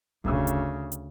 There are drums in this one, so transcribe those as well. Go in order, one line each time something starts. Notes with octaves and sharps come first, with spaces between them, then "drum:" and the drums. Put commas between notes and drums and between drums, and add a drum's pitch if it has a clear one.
D2 C#3, drum: kick F1
drum: hi-hat
drum: hi-hat